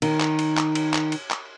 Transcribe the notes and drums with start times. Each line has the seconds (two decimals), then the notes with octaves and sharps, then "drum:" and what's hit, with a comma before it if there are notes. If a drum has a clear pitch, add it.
0.02 D#3, drum: cymbal
0.20 drum: clap
0.39 drum: cymbal
0.57 drum: clap
0.75 drum: cymbal
0.94 drum: clap
1.12 drum: cymbal
1.30 drum: clap